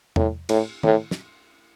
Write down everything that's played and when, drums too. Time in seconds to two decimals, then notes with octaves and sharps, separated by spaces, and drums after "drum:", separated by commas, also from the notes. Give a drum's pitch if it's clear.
0.16 A2, drum: tom E2
0.49 A2, drum: cymbal
0.83 A2, drum: tom D#3
1.11 drum: snare